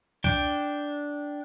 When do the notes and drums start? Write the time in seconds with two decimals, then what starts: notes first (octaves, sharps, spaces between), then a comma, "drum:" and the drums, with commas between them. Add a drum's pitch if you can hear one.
0.24 D4 G5, drum: kick C2